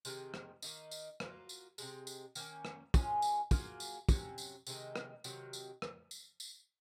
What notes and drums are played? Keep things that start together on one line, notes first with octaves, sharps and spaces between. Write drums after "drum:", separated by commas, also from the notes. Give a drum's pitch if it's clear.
C3 D#3 G#3, drum: tambourine
drum: rim click
D#3 F#3 A#3 D#4, drum: tambourine
drum: tambourine
F#3 A#3 F4, drum: rim click
drum: tambourine
C3 F3 G#3, drum: tambourine
drum: tambourine
D#3 A#3 C#4, drum: tambourine
drum: rim click
G#3 C#4 F4 G#4, drum: kick, tambourine
drum: tambourine
F#3 A#3 F4 G#4, drum: kick, tambourine
drum: tambourine
C3 F#3 C#4, drum: kick, tambourine
drum: tambourine
C3 D#3 G#3 D#4, drum: tambourine
drum: rim click
C3 D#3 F#3, drum: tambourine
drum: tambourine
drum: rim click
drum: tambourine
drum: tambourine